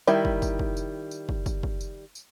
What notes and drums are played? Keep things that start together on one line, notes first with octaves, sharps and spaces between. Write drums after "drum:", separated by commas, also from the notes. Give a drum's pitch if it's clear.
D#3 G3 E4, drum: tambourine
drum: kick
drum: kick, tambourine
drum: kick
drum: tambourine
drum: tambourine
drum: kick
drum: kick, tambourine
drum: kick
drum: tambourine
drum: tambourine